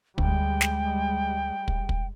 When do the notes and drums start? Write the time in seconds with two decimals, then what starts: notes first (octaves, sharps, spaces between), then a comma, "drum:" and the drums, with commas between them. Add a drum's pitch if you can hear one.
0.18 D2 G3 G#3 G5, drum: kick
0.61 drum: snare
1.68 drum: kick
1.89 drum: kick